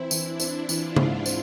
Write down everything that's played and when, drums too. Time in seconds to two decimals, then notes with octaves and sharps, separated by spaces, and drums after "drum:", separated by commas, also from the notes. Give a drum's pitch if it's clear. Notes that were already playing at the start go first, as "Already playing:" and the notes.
Already playing: E3 C4 E4
0.11 E3 D4, drum: tambourine
0.40 C4 E4, drum: tambourine
0.69 E3 F4, drum: tambourine
0.96 G#2, drum: tom C#3
1.26 C4, drum: tambourine